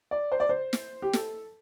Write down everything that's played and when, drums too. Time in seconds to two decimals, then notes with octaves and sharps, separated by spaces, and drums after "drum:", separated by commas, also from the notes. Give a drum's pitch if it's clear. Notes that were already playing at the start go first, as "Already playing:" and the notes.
0.11 D5
0.32 C5
0.40 D5
0.49 C5
0.73 drum: snare
1.02 G4
1.13 A4, drum: snare